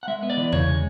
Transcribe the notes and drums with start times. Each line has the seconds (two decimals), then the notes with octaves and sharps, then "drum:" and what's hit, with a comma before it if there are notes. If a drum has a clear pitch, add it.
0.03 F#5
0.08 G#3 E5
0.22 B3
0.30 D5
0.37 E3
0.53 C#3 C#5, drum: tom E2
0.68 G#3